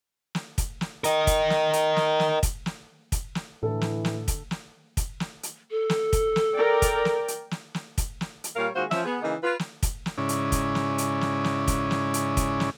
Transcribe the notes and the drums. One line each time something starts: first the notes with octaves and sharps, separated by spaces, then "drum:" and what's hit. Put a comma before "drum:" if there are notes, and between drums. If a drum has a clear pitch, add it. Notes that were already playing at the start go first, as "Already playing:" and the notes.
drum: snare
drum: kick, hi-hat
drum: snare
A#4 D#5, drum: hi-hat
drum: kick, hi-hat
drum: snare
drum: hi-hat
drum: snare
drum: snare
drum: kick, hi-hat
drum: snare
drum: kick, hi-hat
drum: snare
A2 D3 E3 A4
drum: snare
drum: snare
drum: kick, hi-hat
drum: snare
drum: kick, hi-hat
drum: snare
drum: hi-hat
A4
drum: snare
drum: kick, hi-hat
drum: snare
A#4 D5 G5
drum: kick, hi-hat
drum: snare
drum: hi-hat
drum: snare
drum: snare
drum: kick, hi-hat
drum: snare
drum: hi-hat
A#2 G3 A#4 C#5 F5
D#3 G#3 A#3 F4 F#4 C5
F3 C#4 E5, drum: snare
B3 G#4
C#3 E3 A#3 D#4
F4 B4
drum: snare
drum: kick, hi-hat
drum: snare
G#2 C#3 C#4 E4 D5
drum: hi-hat
drum: kick, hi-hat
drum: snare
drum: hi-hat
drum: snare
drum: snare
drum: kick, hi-hat
drum: snare
drum: hi-hat
drum: kick, hi-hat
drum: snare